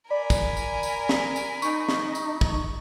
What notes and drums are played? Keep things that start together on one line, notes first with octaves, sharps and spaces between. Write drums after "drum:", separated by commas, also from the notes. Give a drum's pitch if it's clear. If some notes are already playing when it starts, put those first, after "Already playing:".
A#4 D5 G#5 B5
drum: kick, tambourine
drum: tambourine
drum: tambourine
drum: snare
drum: tambourine
D#4 C#6, drum: tambourine
drum: snare
drum: tambourine
drum: kick